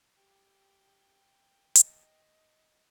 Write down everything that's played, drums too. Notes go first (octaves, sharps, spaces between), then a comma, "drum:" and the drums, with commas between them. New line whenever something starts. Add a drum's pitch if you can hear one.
G4 G5
D#5, drum: hi-hat